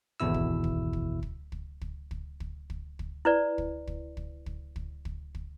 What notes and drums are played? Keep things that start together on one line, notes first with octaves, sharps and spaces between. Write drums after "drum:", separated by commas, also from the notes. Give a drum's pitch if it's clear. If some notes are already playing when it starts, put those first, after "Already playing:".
G#1 E2 B2 E4 E6
drum: kick
drum: kick
drum: kick
drum: kick
drum: kick
drum: kick
drum: kick
drum: kick
drum: kick
drum: kick
E4 B4 D5
drum: kick
drum: kick
drum: kick
drum: kick
drum: kick
drum: kick
drum: kick